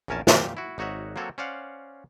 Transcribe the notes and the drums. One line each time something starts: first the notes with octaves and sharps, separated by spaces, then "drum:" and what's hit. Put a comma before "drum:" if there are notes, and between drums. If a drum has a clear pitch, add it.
A#1 E2 C#4 A#4 G#5 A5
F2 A#2 A3 G4 F5, drum: snare
E4 F#4
G#1 D#4 F#4 C#5 E5 F#5
F#3 A#3 C4 F#4 A4 C#5
C#4 C5 D5 F5 F#5